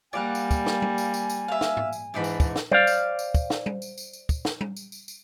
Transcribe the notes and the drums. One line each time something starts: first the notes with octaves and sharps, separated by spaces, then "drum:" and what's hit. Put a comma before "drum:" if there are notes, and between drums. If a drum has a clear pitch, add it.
G3 A#3 D5 F5 F#5 G#5
drum: tambourine
drum: kick, tambourine
drum: snare
drum: tom G3
drum: tambourine
drum: tambourine
drum: tambourine
E5 F5
drum: snare
drum: tom G#2
drum: tambourine
G#2 E3 D4 D#4 B5
drum: tambourine
drum: kick, tambourine
drum: snare
C5 D5 F5, drum: tom G3
drum: tambourine
drum: tambourine
drum: kick, tambourine
drum: snare
drum: tom G3
drum: tambourine
drum: tambourine
drum: tambourine
drum: kick, tambourine
drum: snare
drum: tom G3
drum: tambourine
drum: tambourine
drum: tambourine